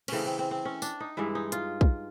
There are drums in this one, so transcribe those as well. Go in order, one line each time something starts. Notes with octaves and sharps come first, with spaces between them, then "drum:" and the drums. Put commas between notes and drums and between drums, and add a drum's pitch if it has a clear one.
C#3 E3 A3 C4 C#4, drum: cymbal
C4
C4
C4
C#4
D4, drum: tambourine
D#4
G2 E3 G#3 E4
D#4
F4, drum: hi-hat
drum: kick